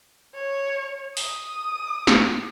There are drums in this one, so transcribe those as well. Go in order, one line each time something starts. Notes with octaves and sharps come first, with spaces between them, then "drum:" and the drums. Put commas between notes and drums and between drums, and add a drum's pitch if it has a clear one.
C#5
D#6, drum: open hi-hat
drum: snare